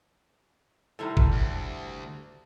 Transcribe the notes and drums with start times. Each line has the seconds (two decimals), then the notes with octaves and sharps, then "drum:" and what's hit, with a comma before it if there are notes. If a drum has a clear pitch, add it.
0.99 A2 C3 G3 A4 A#5
1.17 drum: kick G1
1.32 D2